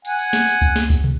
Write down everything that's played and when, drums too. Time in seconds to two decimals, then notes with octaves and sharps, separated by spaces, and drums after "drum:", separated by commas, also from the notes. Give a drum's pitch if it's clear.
0.05 F#5 G#5, drum: tambourine
0.19 drum: tambourine
0.33 drum: snare
0.47 drum: tambourine
0.61 drum: kick C#2, tambourine
0.76 drum: snare
0.90 drum: kick C#2, tambourine
1.04 drum: tom